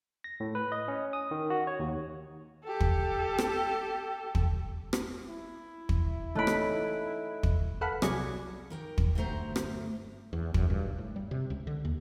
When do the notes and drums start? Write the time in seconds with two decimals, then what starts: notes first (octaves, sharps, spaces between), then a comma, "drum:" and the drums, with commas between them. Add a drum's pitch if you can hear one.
0.24 A#6
0.40 A2
0.55 B4
0.72 D#5
0.88 C#4
1.13 D#6
1.31 D#3
1.50 F#4
1.67 C#5
1.79 D#2
2.64 G4 A4
2.81 drum: kick
3.38 drum: rim click
4.35 drum: kick
4.93 drum: rim click
5.29 E4
5.89 drum: kick
6.35 E3 A3 C#4 D#4 D#5 B5 F#6 D7
6.47 drum: rim click
7.43 drum: kick
7.81 A4 B4 F5 F#5 B5
8.02 C2 F#3 G#4 D5 G#6 C#7, drum: rim click
8.70 D#3 A#4 G5
8.98 drum: kick
9.15 D2 G2 F#3 A3 C5 A#5
9.56 drum: rim click
10.33 E2
10.54 F#2, drum: kick
10.70 G2
10.87 B1
10.98 A2
11.16 G3
11.31 C3
11.50 C#2
11.67 D3
11.85 D#2